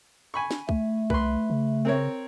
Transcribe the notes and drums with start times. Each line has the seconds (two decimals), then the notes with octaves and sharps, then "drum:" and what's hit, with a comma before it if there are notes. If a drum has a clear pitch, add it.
0.34 G#5 B5 C#6
0.51 drum: snare
0.69 A3, drum: kick
1.10 C2 B4 C6, drum: kick
1.50 C#3
1.85 C4 A#4 C#5